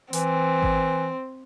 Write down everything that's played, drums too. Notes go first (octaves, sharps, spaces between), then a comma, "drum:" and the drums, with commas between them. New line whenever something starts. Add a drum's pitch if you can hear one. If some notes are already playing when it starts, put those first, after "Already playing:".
E3 C4, drum: hi-hat
drum: kick G#1